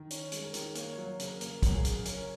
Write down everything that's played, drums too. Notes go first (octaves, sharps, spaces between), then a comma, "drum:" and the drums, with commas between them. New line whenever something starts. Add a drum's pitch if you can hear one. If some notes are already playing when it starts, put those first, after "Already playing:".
Already playing: D#3
C#4 C#5, drum: hi-hat
G#3, drum: hi-hat
A#4
D#3, drum: hi-hat
A#3 C#5, drum: hi-hat
F#3 C#5
C#5
C#3 A#4, drum: hi-hat
A#3 A#4, drum: hi-hat
F#3, drum: kick, hi-hat
G#4
C#3, drum: hi-hat
C#4 A#4, drum: hi-hat